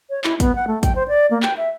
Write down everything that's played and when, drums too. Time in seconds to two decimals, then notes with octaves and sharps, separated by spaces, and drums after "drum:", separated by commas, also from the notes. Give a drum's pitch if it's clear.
0.10 C#5
0.24 E4, drum: clap
0.40 B3, drum: kick, hi-hat
0.55 F#5
0.67 A3
0.83 G5, drum: kick, hi-hat
0.96 C5
1.08 D5
1.31 A#3
1.43 G5, drum: clap
1.57 E5